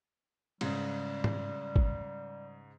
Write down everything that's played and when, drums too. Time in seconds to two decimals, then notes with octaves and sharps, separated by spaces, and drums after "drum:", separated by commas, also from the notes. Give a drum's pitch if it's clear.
0.61 G#2 C#3 G3, drum: cymbal
1.24 drum: tom
1.76 drum: kick